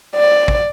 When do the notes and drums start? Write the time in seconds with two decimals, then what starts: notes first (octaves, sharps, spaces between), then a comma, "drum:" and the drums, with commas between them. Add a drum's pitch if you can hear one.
0.16 D5
0.48 drum: kick